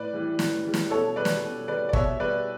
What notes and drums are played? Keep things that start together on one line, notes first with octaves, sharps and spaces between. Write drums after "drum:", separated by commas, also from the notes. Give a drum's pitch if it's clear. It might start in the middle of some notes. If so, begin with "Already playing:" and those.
Already playing: A2 B4 D5
E3 G3
A2, drum: snare
E3 G3
drum: snare
B2 A4 C#5
G3 B4 D5
drum: snare
B2
G3 B4 D5
D5
B2 C#5 E5, drum: kick
G3 B4 D5